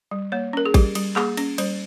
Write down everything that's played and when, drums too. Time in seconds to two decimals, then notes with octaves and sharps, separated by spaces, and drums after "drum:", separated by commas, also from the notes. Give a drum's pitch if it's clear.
0.11 G3
0.32 A#3 C#5
0.53 C#4 A#4
0.66 G#4
0.74 G3 G4, drum: kick A1, cymbal
0.95 G3, drum: cymbal
1.16 A#3 G#4, drum: clap
1.37 C#4, drum: cymbal
1.58 G3 C5, drum: cymbal